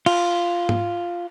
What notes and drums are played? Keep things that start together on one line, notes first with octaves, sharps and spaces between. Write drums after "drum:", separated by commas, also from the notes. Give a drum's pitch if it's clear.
F4, drum: cymbal
drum: tom G#2